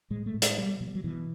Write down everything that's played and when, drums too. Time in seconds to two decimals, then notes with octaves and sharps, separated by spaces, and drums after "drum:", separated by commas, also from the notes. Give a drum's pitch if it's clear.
0.10 A2 G#3
0.26 A3
0.34 A2
0.42 G#3, drum: hi-hat
0.57 B2 G3
0.81 B2 F#3
0.88 G3
0.95 F#3
1.04 B2 E3